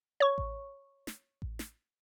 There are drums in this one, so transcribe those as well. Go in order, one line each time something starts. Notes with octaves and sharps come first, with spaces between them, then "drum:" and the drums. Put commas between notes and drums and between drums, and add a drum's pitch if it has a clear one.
C#5 C#6
drum: kick A1
drum: snare
drum: kick A1
drum: snare